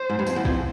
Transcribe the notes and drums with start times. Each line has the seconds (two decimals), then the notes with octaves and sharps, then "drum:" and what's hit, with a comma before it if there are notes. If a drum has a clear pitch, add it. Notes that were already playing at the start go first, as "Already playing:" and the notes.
Already playing: C5
0.10 G#2
0.19 G2
0.27 F2, drum: tambourine
0.36 E2
0.45 F2, drum: kick